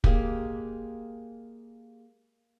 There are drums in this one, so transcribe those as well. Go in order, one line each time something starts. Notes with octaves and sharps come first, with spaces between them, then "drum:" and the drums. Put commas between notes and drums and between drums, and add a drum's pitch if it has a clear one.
G#3 A#3 G4 G#4, drum: kick